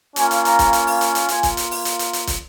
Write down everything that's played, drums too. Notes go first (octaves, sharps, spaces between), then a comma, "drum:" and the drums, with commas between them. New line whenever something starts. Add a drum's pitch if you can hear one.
A#3 C#4 F4 G#5, drum: hi-hat
drum: hi-hat
A#5, drum: hi-hat
drum: kick, hi-hat
drum: hi-hat
drum: open hi-hat
drum: hi-hat
drum: hi-hat
A#3 F4 G#5, drum: hi-hat
drum: kick, hi-hat
drum: hi-hat
drum: open hi-hat
drum: hi-hat
drum: hi-hat
drum: hi-hat
drum: kick, hi-hat